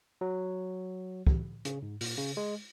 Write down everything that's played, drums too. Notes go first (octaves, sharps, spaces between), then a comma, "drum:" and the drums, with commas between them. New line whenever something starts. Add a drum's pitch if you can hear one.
F#3
drum: kick
C#3, drum: hi-hat
G#2
A#2, drum: open hi-hat
C#3
G#3